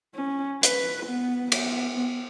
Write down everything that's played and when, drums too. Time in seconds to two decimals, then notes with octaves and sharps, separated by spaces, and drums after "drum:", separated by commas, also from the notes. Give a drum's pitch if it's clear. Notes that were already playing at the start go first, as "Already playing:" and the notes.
0.15 C#4
0.63 B4, drum: hi-hat
1.06 B3
1.52 B3, drum: cymbal